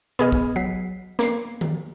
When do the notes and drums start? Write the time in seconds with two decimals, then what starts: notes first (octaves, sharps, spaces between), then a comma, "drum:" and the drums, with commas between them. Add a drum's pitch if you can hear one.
0.19 B3 G#4 D#5 F6, drum: tom B2
0.32 drum: kick
0.56 F#3 B6 C7
1.19 A#3 C7, drum: snare
1.61 drum: tom